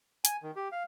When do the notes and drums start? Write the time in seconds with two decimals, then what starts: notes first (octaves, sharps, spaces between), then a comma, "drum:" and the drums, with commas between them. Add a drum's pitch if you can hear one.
0.25 G#5, drum: hi-hat
0.43 D#3
0.56 G4
0.72 F5